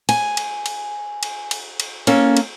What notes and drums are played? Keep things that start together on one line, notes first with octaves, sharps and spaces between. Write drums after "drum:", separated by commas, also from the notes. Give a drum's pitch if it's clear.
G#5, drum: cymbal
drum: cymbal
drum: cymbal
drum: cymbal
drum: cymbal
drum: cymbal
A#3 C#4 A4, drum: cymbal
drum: cymbal